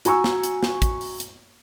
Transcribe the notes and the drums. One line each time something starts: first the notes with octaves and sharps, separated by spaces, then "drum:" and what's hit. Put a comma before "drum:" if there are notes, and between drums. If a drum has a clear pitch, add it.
F#4 G#5 A#5 C#6 E6, drum: hi-hat
drum: snare
drum: hi-hat
drum: snare
drum: kick, hi-hat
drum: open hi-hat
drum: hi-hat